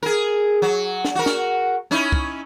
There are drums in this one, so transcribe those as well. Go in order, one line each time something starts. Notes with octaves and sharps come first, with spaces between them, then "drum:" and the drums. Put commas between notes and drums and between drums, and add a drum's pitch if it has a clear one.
G#4 A#4
F#3
drum: snare
F#4 A#4
drum: snare
C#4 D#4 E4
drum: kick